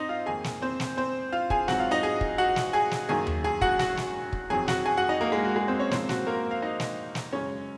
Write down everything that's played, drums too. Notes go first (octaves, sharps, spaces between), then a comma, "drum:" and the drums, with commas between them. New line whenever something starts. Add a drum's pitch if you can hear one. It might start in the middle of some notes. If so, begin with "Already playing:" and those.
Already playing: G#2 C4 D#4 C5 D#5
F4 F5
F2 D#3 A#3 G#4 G#5
drum: snare
C4 C5
drum: snare
C4 C5
F4 F5
G#4 G#5, drum: kick
G#2 F#3 C4 F#4 F#5, drum: snare
F4 F5
D#4 D#5
G#4 G#5
drum: kick
F#4 F#5
drum: snare
G#4 G#5
drum: snare
F#2 D#3 A#3 G#4 G#5
drum: tom D#2
G#4 G#5
F#4 F#5, drum: kick
F#4 F#5, drum: snare
drum: snare
drum: kick
F2 D#3 F#3 G#4 G#5
F#4 F#5, drum: snare
G#4 G#5
F#4 F#5
D#4 D#5
A#3 A#4
G#3 G#4
F#4
G#3 G#4
C4 C5
C#4 C#5
G#2 F3 A#3 C4 C5, drum: snare
F#4, drum: snare
A#3 A#4
F5
D#4 D#5
drum: snare
drum: snare
F#2 C#3 G#3 C#4 C#5